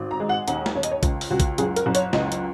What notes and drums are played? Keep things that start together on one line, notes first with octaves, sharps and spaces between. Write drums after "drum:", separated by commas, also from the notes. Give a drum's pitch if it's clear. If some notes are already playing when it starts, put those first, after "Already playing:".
Already playing: G#1
A#5
G#3
F#5
D#2 F#5, drum: hi-hat
drum: snare
D#2 C#5
D#5, drum: hi-hat
C#5
C#2, drum: kick A#1, hi-hat
drum: open hi-hat
C#2 F#4
drum: kick A#1, hi-hat
F#1 G#4, drum: hi-hat
A#4, drum: hi-hat
F#1
C#5, drum: hi-hat
C#2 D#5, drum: snare
drum: hi-hat